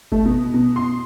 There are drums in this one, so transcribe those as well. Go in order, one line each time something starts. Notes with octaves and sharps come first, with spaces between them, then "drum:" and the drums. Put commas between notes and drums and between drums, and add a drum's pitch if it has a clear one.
A3, drum: kick G1
B2
B2
C6